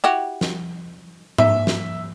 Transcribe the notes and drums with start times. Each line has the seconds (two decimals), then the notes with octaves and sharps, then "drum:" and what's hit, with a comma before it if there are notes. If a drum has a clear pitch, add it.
0.04 E4 F#4 G4
0.41 drum: snare
1.38 E5, drum: tom G#2
1.67 drum: snare